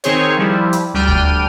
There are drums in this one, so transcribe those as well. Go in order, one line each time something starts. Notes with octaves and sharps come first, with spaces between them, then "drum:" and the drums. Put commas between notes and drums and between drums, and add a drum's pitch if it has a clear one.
D#3 C4 G#4 C5 C#5, drum: hi-hat
F3 G3 E4
drum: hi-hat
D2 G3 D4 G5 F6 D#7
drum: kick D#2